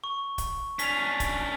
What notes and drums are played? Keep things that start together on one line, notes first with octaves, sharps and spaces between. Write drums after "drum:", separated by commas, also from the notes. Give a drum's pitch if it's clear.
C#6
drum: kick, hi-hat
C#4 D4 B6 F7, drum: hi-hat
drum: kick, hi-hat